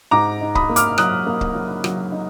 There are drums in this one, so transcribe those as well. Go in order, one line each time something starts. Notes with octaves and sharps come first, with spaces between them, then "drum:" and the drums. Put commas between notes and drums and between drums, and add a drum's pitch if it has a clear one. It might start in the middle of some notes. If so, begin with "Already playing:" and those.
G#2 A#5 D6
D#4
B5 D#6, drum: kick C#1
A#3
D6 F6, drum: hi-hat
F#3 D#6 F#6, drum: rim click
A#3
drum: kick C#1
F#3
F#3, drum: rim click
D#4